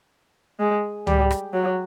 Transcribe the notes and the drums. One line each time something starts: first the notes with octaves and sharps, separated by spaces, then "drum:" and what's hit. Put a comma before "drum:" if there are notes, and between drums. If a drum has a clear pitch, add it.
G#3
G3, drum: tom C#2
drum: rim click
F#3